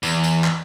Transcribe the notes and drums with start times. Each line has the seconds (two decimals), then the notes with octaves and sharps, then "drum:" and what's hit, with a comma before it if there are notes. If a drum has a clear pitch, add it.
0.03 E2, drum: tambourine
0.23 drum: tambourine
0.44 drum: clap